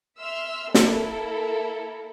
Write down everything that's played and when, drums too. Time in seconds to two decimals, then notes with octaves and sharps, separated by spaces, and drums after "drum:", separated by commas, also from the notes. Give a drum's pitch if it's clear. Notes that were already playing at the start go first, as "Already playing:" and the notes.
0.18 E5 C6 E6 F6
0.74 A#3 E4 A4 A#4, drum: snare